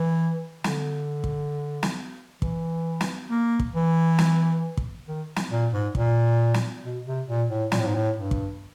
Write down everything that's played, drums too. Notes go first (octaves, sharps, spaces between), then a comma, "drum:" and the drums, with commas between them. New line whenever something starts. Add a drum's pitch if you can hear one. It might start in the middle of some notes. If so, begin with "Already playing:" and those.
Already playing: E3
D3, drum: snare
drum: kick
drum: snare
E3, drum: kick
drum: snare
A#3
drum: kick
E3
drum: snare
drum: kick
D#3
drum: snare
A#2
G#2
A#2, drum: kick
drum: snare
B2
C3
A#2
A2
A#2, drum: snare
A2
G#2
A2
G2
drum: kick